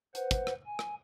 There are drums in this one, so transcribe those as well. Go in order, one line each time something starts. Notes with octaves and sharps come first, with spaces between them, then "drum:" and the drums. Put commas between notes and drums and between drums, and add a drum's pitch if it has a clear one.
B4 C5 F#5, drum: hi-hat
drum: kick, hi-hat
drum: rim click
G#5
drum: rim click